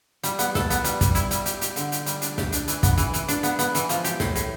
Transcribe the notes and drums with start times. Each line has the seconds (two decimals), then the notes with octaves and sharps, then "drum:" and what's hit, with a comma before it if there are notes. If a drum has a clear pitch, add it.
0.24 G3, drum: hi-hat
0.39 B3, drum: hi-hat
0.55 A4, drum: snare
0.70 B3, drum: hi-hat
0.84 G3, drum: hi-hat
1.01 G3, drum: kick, hi-hat
1.15 E4, drum: hi-hat
1.31 G3, drum: hi-hat
1.46 G4, drum: hi-hat
1.61 G4, drum: hi-hat
1.76 D3, drum: hi-hat
1.92 G4, drum: hi-hat
2.06 G3, drum: hi-hat
2.22 D4, drum: hi-hat
2.38 G4, drum: snare
2.52 D4, drum: hi-hat
2.68 E3, drum: hi-hat
2.83 B3, drum: kick, hi-hat
2.98 E3, drum: hi-hat
3.14 E3, drum: hi-hat
3.28 D4, drum: hi-hat
3.43 B3, drum: hi-hat
3.59 B3, drum: hi-hat
3.75 E3, drum: hi-hat
3.89 F3, drum: hi-hat
4.04 G4, drum: hi-hat
4.20 A2, drum: snare
4.35 A2, drum: hi-hat